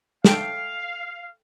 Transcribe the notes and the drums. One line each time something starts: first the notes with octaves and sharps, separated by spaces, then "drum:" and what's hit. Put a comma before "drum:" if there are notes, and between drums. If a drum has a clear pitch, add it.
A4 F5 G5, drum: snare